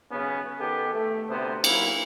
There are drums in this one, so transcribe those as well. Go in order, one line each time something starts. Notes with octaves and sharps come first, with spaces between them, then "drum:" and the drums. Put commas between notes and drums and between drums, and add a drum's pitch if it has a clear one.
B1 C#3 B3 C#4
D#3 B3 G4 A4
A3
D2 C3 B3 C5
F#3 A#3 E4, drum: cymbal